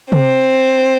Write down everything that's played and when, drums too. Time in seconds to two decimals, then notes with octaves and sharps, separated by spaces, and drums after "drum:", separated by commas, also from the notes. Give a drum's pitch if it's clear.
0.12 C4, drum: tom C3